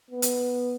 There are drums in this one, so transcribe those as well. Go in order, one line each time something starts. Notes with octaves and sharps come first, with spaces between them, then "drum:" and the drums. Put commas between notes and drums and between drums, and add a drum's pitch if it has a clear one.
B3
drum: hi-hat